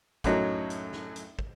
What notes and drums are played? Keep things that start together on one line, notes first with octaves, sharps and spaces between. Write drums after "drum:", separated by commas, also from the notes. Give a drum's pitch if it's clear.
F#2 A2 F#3 D#4, drum: kick, hi-hat
drum: hi-hat
drum: snare
drum: hi-hat
drum: kick